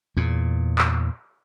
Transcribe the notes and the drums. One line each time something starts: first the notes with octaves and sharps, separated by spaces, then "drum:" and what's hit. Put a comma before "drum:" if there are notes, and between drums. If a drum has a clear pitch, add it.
E2 A#2
drum: clap